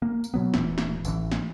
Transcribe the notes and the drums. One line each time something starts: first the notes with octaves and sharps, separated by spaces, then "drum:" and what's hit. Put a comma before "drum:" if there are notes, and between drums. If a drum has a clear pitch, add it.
A#3
drum: tambourine
B2 F#3 B3
D#1 A#2 E3, drum: snare
drum: snare
A1 E3, drum: tambourine
drum: snare